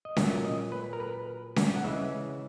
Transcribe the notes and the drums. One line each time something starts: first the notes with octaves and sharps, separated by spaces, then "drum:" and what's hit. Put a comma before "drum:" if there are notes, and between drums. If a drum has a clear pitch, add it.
D#5
A#2 F#3 E5, drum: snare C#4
D#5
B4
A#4
B4
drum: snare C#4
F#5
C#3 E3 G#3 E5